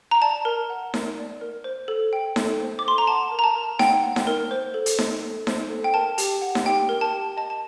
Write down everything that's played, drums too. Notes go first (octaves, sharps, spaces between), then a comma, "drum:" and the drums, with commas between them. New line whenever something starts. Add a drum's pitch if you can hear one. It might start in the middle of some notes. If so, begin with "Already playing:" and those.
A#5
D5 A5
A#4
F#5
A#4, drum: snare D#4
D5
A#4
C5
A4
G5
A4, drum: snare D#4
C5
D6
A4 C6
A#5
F#5 A5
A#4
A#5
A5
A#4
F#5 G5, drum: snare D#4
F#5
drum: snare D#4
A#4
C5
A4
drum: hi-hat
D#5, drum: snare D#4
A4
C5, drum: snare D#4
A4
G5
A#4 A5
G4, drum: hi-hat
F#5
drum: snare D#4
G4 G5
A#4
A5
G4
D#5 A5
A5